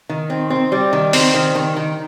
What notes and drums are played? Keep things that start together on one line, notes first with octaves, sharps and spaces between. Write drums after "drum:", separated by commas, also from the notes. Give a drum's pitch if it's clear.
D#3
C4
C4
G3
D#3
C4, drum: open hi-hat
D#3
D#3
D#3